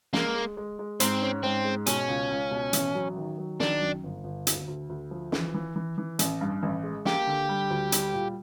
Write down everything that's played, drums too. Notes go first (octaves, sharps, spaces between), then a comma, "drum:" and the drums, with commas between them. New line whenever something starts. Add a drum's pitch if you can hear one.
G#3 A#3, drum: snare
G#3
G#3
G#3
G#2 C4, drum: hi-hat
C#4
G#2 C4
G#3
B2 C#4, drum: hi-hat
C#2
C#2
B2
A1, drum: hi-hat
F#3
D#3
F#3
D#3 D4, drum: snare
F#2
G1
G1
D2, drum: hi-hat
D2
D2
F3
E3, drum: snare
E3
E3
E3
A1, drum: hi-hat
G2
A1
G#3
A#3 G4, drum: snare
D3
G3
D2
G3, drum: hi-hat
A#2